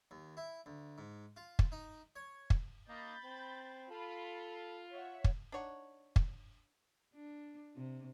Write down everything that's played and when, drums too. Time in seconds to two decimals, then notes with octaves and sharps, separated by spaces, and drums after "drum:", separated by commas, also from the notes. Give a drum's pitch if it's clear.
0.11 D#2
0.37 E4
0.66 D2
0.98 G#2
1.36 F4
1.59 drum: kick
1.72 D#4
2.16 C#5
2.50 drum: kick
2.89 A#3 D#5 B5 G6 A6
3.23 C4
3.90 F4 A4 B5
4.90 C#5 E5 F#5
5.24 drum: kick
5.52 D4 D#4 C#5 F#5
6.16 drum: kick
7.14 D4
7.76 C3